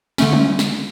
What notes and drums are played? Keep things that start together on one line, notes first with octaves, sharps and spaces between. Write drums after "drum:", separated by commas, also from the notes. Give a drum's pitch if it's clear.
D3 A3 C#4, drum: snare
drum: tom
drum: snare